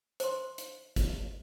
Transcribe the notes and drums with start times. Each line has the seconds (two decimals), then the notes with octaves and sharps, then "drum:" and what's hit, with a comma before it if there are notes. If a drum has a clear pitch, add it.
0.20 C5 C6, drum: hi-hat
0.58 drum: hi-hat
0.96 drum: kick G#1, hi-hat